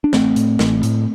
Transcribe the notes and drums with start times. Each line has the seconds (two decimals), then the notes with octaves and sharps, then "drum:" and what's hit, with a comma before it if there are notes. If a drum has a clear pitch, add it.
0.04 D4
0.13 A1 A3 C4, drum: snare
0.36 A2, drum: hi-hat
0.59 A1, drum: snare
0.83 A2, drum: hi-hat